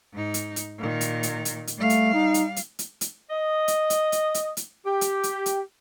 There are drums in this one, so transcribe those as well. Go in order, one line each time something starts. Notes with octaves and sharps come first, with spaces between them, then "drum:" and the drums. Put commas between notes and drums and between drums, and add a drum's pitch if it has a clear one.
G#2 D#4
drum: hi-hat
drum: hi-hat
A#2 D#3
drum: hi-hat
drum: hi-hat
drum: hi-hat
drum: hi-hat
G3 A3 F5
drum: hi-hat
D#4
drum: hi-hat
drum: hi-hat
drum: hi-hat
drum: hi-hat
D#5
drum: hi-hat
drum: hi-hat
drum: hi-hat
drum: hi-hat
drum: hi-hat
G4
drum: hi-hat
drum: hi-hat
drum: hi-hat